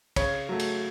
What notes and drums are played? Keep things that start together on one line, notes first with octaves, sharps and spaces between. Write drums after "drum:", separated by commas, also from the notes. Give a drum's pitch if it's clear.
C#3 C#5, drum: kick, cymbal
F#3 A3
drum: cymbal